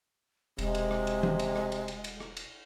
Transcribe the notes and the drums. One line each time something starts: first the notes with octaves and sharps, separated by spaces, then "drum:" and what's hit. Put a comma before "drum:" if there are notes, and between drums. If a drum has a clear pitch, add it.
E1 C3 G#3, drum: cymbal
drum: cymbal
drum: rim click
drum: cymbal
drum: tom E3
drum: cymbal
drum: rim click
drum: cymbal
drum: cymbal
drum: cymbal
drum: rim click
drum: cymbal